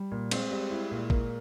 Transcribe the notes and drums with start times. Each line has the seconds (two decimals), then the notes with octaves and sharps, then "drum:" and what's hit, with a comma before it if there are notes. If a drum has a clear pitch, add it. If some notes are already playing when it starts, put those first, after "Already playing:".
Already playing: G3
0.11 A#2
0.31 G#3 C4, drum: cymbal
0.51 G3
0.70 E4
0.91 A#2
1.10 A#3, drum: kick